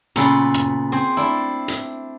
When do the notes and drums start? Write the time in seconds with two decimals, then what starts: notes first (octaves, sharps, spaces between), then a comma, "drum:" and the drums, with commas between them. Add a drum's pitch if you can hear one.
0.16 A#2 C#3 B3 A4 B4 F5, drum: hi-hat
0.54 drum: rim click
0.92 C4 G#4 C5
1.17 A3 D4 E4
1.68 drum: hi-hat